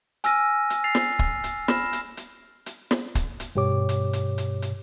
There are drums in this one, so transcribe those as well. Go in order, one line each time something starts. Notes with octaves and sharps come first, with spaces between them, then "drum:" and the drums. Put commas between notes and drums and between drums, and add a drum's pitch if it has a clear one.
G#5 E6 F6 A#6 D#7, drum: hi-hat
drum: hi-hat
A6 C7 F7
drum: snare
drum: kick
drum: hi-hat
B5 F6 A#6 E7, drum: snare
drum: hi-hat
drum: hi-hat
drum: hi-hat
drum: snare
drum: kick, hi-hat
drum: hi-hat
G2 B2 G4 C#5 D6
drum: hi-hat
drum: hi-hat
drum: hi-hat
drum: hi-hat